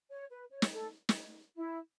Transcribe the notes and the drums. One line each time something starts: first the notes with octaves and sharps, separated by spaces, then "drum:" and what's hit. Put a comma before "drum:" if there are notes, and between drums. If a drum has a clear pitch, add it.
C#5
B4
C#5
drum: snare
A4
drum: snare
E4